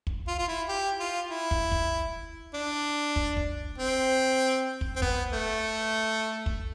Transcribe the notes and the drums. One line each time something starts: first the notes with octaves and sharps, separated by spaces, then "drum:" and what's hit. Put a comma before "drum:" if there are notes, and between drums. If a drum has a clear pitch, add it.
drum: kick
F4
F4
E4
G4
F4
E4
drum: kick
drum: kick
D4
drum: kick
drum: kick
C4
drum: kick
C4
B3, drum: kick
A3
drum: kick